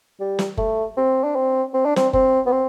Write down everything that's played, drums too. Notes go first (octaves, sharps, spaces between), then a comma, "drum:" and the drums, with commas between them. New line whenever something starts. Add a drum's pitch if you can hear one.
G3
drum: snare
A3, drum: kick F#1
C4
D4
C4
C4
D4
C4, drum: snare
C4, drum: kick F#1
B3
C4